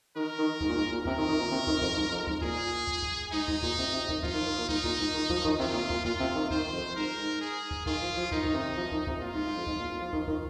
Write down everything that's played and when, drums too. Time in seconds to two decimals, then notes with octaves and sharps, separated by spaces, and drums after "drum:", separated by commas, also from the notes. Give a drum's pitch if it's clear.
0.16 D#3 A#4
0.38 D#3
0.61 G#2, drum: kick
0.69 A#2
0.75 G#2
0.91 A#2
1.05 C3 A#4, drum: kick
1.17 D#3
1.29 D#3
1.39 A#2
1.51 C3
1.67 D#3, drum: kick
1.82 F2, drum: kick
1.97 G#2
2.11 F2
2.27 G#2, drum: kick
2.41 A#2 G#4, drum: kick
2.87 drum: kick
3.02 drum: kick
3.32 G#2 D#4
3.48 G#2, drum: kick
3.63 A#2, drum: kick
3.79 C3
3.93 C3
4.09 D#3, drum: kick
4.23 F3 F4, drum: kick
4.34 D#3
4.46 D#3
4.58 A#2
4.69 G#2 D#4, drum: kick
4.84 A#2, drum: kick
4.99 G#2
5.14 D#3
5.30 F3, drum: kick
5.45 D#3, drum: kick
5.59 C3 F4
5.74 A#2
5.90 A#2, drum: kick
6.05 A#2 F4, drum: kick
6.20 C3
6.35 D#3
6.50 D#3 C5, drum: kick
6.72 F2
6.95 G#2 A#4
7.19 G#2
7.41 G#4
7.71 drum: kick
7.86 D#3 F4, drum: kick
8.02 F3
8.17 F3
8.32 D#3 D#4, drum: kick
8.44 D#3, drum: kick
8.54 C3
8.77 F3
8.92 D#3, drum: kick
9.07 C3, drum: kick
9.22 A#2 F4
9.34 G#2
9.44 G#2
9.56 F2
9.67 G#2, drum: kick
9.79 A#2
9.90 A#2
10.01 F3
10.13 D#3, drum: kick
10.28 D#3, drum: kick